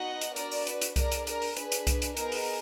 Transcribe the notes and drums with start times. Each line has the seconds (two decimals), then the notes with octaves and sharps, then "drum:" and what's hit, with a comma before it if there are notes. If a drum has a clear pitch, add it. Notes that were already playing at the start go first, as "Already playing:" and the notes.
Already playing: B3 D#4 F#4 D#5 F#5
0.21 drum: hi-hat
0.36 D4 F#4 A#4 D5, drum: hi-hat
0.51 drum: open hi-hat
0.67 B4, drum: hi-hat
0.81 drum: hi-hat
0.96 D4 G#4 A#4 D5, drum: kick C2, hi-hat
1.12 drum: hi-hat
1.27 A#4, drum: hi-hat
1.42 drum: open hi-hat
1.56 D4 G#4 B4, drum: hi-hat
1.72 drum: hi-hat
1.87 drum: kick C2, hi-hat
2.02 drum: hi-hat
2.17 B3 D#4 G#4 A#4, drum: hi-hat
2.32 drum: open hi-hat